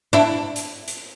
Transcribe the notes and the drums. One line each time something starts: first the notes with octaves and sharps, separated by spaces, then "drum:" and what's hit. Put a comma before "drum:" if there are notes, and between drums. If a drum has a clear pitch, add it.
D4 E4
drum: hi-hat
drum: hi-hat